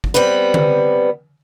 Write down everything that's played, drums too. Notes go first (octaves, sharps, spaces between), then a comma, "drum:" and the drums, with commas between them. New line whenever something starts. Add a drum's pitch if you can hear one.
drum: kick
G3 B3 C4 B4
drum: tom D3